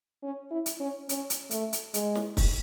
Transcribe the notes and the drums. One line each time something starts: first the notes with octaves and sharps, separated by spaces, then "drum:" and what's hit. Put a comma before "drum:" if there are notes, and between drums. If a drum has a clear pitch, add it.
C#4
E4
drum: hi-hat
C#4
C#4, drum: hi-hat
drum: hi-hat
A3, drum: hi-hat
drum: hi-hat
G#3, drum: hi-hat
drum: snare
drum: kick, open hi-hat